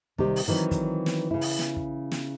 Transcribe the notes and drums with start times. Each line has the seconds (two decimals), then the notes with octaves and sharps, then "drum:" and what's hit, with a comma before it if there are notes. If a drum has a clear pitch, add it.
0.18 C3 D#3 G3 C4 G4, drum: kick
0.36 drum: open hi-hat
0.48 D#3 E3 F#3 C4
0.71 drum: kick, hi-hat
1.06 drum: snare
1.31 C#3 E4
1.41 drum: open hi-hat
1.59 drum: snare
1.76 drum: kick
2.11 drum: snare